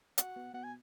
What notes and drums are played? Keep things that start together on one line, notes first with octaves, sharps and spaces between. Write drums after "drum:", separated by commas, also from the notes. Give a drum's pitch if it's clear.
F#4 F#5, drum: hi-hat
B2
B2 F#5
G#5